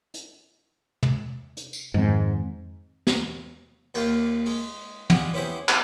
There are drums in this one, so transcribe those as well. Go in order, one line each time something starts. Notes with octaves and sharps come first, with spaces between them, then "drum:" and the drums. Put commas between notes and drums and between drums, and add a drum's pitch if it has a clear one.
drum: hi-hat
drum: tom
drum: hi-hat
drum: tambourine
F2 G#2 D#3 C4
drum: snare
D#2 A#3 F4 F5, drum: cymbal
G#3, drum: open hi-hat
G3 G#3 F4 G#4 F#5, drum: tom
B3 C#4 E4 G4 G#4 C5
G4 F5, drum: clap